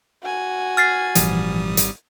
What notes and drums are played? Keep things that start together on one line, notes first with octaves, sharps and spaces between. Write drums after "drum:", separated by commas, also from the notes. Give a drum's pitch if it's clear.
F#4 G#5
F6 A6 C7
G#1 A#2 E3 F3 G3 D#6, drum: hi-hat
drum: hi-hat